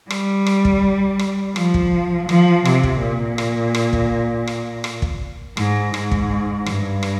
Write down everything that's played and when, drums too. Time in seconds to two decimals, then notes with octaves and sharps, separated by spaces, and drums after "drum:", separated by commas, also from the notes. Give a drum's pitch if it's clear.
0.10 G3, drum: rim click
0.47 drum: rim click
0.65 drum: kick
1.19 drum: rim click
1.56 F3, drum: rim click
1.74 drum: kick
2.29 F3, drum: rim click
2.65 C3, drum: rim click
2.83 drum: kick
3.01 A#2
3.38 drum: rim click
3.75 drum: rim click
3.93 drum: kick
4.47 drum: rim click
4.84 drum: rim click
5.02 drum: kick
5.57 G#2, drum: rim click
5.94 G#2, drum: rim click
6.11 drum: kick
6.66 G2, drum: rim click
7.03 drum: rim click